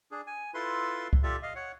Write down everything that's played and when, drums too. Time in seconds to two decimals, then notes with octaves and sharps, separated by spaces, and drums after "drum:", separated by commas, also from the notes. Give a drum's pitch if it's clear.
0.12 D4 G#4
0.27 G#5
0.54 E4 F4 A4 B4 C6
1.13 drum: kick C#2
1.23 F4 G4 A4 D5 E5
1.43 D#5 F5
1.56 C#5 F#5